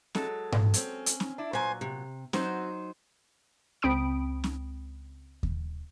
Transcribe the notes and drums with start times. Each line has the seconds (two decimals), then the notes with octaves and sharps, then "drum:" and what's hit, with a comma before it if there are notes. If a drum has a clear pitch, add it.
0.15 F#3 G#3 A4, drum: snare
0.52 drum: tom G#2
0.74 C4 C#4, drum: hi-hat
1.06 drum: hi-hat
1.20 drum: snare
1.38 D4 E4
1.53 A#2 F#3 C5 G#5
1.81 C3
2.33 F#3 C4 D#4 F#4 C5, drum: snare
3.82 C#2 C4 G5 B5 D#6 D7
4.44 drum: snare
5.43 drum: kick D#2